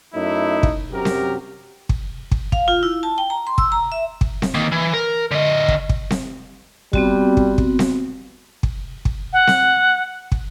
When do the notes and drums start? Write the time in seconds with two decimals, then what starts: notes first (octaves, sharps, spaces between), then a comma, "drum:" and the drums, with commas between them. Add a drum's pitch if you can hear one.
0.14 F#2 F#3 A3 D#4 E4
0.63 drum: kick
0.92 F#2 C3 F#4 G4 A#4
1.05 drum: snare C4
1.89 drum: kick
2.31 drum: kick
2.52 F5, drum: kick
2.68 F4
2.83 E4
3.03 A5
3.18 G5
3.30 A#5
3.47 C6
3.58 E6, drum: kick
3.72 A#5
3.92 E5
4.21 drum: kick
4.42 drum: snare C4
4.55 D#3 A#3
4.72 E3
4.94 A#4
5.31 D3 D#5
5.68 drum: kick
5.89 drum: kick
6.10 drum: snare C4
6.93 G3 B3 C4 F#4, drum: kick
7.37 drum: kick
7.58 drum: kick
7.79 drum: snare C4
8.63 drum: kick
9.05 drum: kick
9.33 F#5
9.47 drum: snare C4
10.32 drum: kick